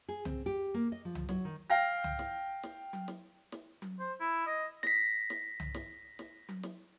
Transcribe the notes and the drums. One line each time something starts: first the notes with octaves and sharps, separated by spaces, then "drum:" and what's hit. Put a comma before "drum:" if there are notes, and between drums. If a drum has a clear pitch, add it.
G#4
C4, drum: tom C2
G4
A#3
D#5
F3
drum: tom C2
F#3, drum: snare
D#3
F5 G5 A#6
drum: tom C2
drum: snare
drum: snare
drum: tom F#3
drum: snare
drum: snare
drum: tom F#3
C5
E4
D#5
A#6 B6, drum: snare
drum: snare
drum: tom C2
drum: snare
drum: snare
drum: tom F#3
drum: snare